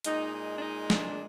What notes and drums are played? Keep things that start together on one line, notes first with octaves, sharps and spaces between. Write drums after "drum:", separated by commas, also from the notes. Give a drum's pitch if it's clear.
A#2 G#3 D#4, drum: hi-hat
D#4
D4
D#4
D4, drum: snare